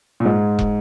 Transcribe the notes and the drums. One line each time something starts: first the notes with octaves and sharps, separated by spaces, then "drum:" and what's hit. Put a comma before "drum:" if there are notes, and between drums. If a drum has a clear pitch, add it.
A#2
G#2
drum: kick